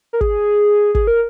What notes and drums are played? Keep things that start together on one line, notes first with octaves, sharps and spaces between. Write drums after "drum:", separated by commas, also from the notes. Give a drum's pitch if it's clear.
A#4
G#4, drum: kick
G#4, drum: kick
A#4